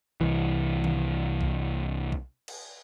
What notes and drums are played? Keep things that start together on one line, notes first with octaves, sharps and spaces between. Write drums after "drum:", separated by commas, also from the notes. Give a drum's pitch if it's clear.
C2 E3
drum: tom D#3
drum: kick B1
drum: kick B1
drum: cymbal